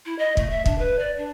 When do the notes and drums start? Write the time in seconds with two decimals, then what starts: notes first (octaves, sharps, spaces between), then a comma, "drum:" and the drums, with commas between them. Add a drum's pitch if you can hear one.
0.06 E4
0.19 D#5
0.37 A3, drum: kick
0.50 E5
0.66 D4, drum: kick
0.79 B4
0.99 D5
1.18 D4